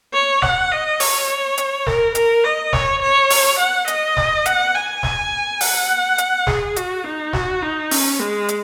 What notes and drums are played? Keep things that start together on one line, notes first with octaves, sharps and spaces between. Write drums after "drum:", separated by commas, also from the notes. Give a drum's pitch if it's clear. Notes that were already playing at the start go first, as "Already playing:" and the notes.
C#5
F#5, drum: snare
D#5
C#5, drum: open hi-hat
drum: hi-hat
A#4, drum: snare
A#4, drum: hi-hat
D#5
C#5, drum: snare
C#5
drum: open hi-hat
F#5
D#5, drum: hi-hat
drum: snare
F#5, drum: hi-hat
G#5
drum: snare
F#5, drum: open hi-hat
drum: hi-hat
G#4, drum: snare
F#4, drum: hi-hat
D#4
F#4, drum: snare
D#4
C#4, drum: open hi-hat
G#3
drum: hi-hat